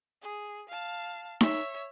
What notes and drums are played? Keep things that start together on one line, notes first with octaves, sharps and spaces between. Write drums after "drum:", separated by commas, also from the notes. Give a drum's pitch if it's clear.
G#4
F5 A5
C#5 E5, drum: snare D#4